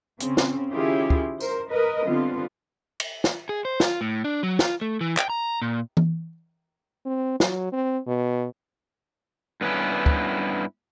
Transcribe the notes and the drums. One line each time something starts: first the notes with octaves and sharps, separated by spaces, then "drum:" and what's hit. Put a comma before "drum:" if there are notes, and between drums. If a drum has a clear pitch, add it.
C#3 C4 C#4, drum: hi-hat
drum: snare
D#3 C#4 E4 F4 G4 G#4
drum: kick
A#4 C5, drum: tambourine
A#4 B4 D#5
D3 G3 B3 C4 F4
drum: cymbal
drum: snare
G#4
C5
F4, drum: snare
A2
D4
F#3
F4, drum: snare
A3
E3
G5, drum: clap
A#5
A#2
drum: tom E3
C4
F#3, drum: snare
C4
B2
G2 B3 C#4 E4
drum: kick